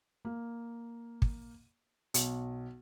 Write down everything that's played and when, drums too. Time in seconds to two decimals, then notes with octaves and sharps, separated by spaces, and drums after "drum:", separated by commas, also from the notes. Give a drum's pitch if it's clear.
0.25 A#3
1.22 drum: kick
2.14 B1, drum: hi-hat